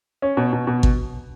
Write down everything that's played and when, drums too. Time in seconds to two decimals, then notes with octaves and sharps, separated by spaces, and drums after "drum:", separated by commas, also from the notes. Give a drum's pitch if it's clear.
0.22 C#4
0.37 B2
0.53 B2
0.67 B2
0.83 drum: kick